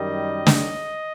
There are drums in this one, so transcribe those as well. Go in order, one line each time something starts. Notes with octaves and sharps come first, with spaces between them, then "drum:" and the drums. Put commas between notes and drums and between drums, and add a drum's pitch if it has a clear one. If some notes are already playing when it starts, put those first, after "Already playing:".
Already playing: F#2 D#3 G3 D#5
drum: snare